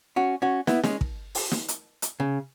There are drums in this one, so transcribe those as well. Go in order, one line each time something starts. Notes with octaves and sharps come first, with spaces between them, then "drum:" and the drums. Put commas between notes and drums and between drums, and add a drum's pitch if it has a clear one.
C#4 F#4
C#4 F#4
B3 E4, drum: snare
G#3 C#4, drum: snare
drum: kick
drum: open hi-hat
drum: snare
drum: hi-hat
drum: hi-hat
C#3